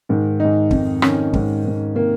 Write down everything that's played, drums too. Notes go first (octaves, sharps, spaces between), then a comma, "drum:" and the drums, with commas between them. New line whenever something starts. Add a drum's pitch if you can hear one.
G#2 D#3
G#2 D#3 D#4
F2 D#3, drum: kick
F2 D#3 C#4, drum: rim click
G#2 D#3, drum: kick
G#2 D#3
C3 D#3 A#3